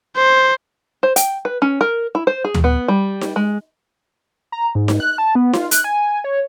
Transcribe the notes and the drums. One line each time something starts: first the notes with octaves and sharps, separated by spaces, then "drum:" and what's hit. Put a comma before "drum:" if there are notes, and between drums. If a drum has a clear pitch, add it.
C5
C5
G5, drum: hi-hat
B4
C#4
A#4
E4
C5
G#4
drum: tom D2
B3
G3
drum: snare D#4
G#3
A#5
G#2
drum: snare D#4
F#6
A5
B3
F4, drum: snare D#4
F#6, drum: hi-hat
G#5
C#5